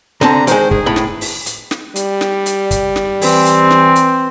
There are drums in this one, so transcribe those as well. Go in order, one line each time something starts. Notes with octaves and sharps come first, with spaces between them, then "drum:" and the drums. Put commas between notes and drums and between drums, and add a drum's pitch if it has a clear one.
D3 C4 A5 A#5, drum: snare
D#3 G#3 C5, drum: hi-hat
G#4, drum: kick
A2 B5
drum: snare
drum: open hi-hat
drum: hi-hat
drum: snare
G3, drum: hi-hat
drum: snare
drum: hi-hat
drum: kick, hi-hat
drum: snare
E3 C4, drum: open hi-hat
drum: hi-hat
drum: snare
drum: hi-hat